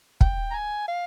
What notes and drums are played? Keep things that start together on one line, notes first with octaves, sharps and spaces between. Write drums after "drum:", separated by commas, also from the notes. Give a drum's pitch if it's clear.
G5, drum: kick
A#5
G#5
F5